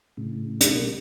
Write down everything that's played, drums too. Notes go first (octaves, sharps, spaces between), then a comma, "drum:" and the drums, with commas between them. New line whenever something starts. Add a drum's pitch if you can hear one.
A2 C#3
drum: hi-hat
B2 G3 A#3